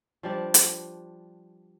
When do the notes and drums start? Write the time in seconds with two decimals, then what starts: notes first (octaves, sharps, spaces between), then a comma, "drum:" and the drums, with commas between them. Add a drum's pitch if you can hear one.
0.23 F3 G3 D4
0.54 drum: hi-hat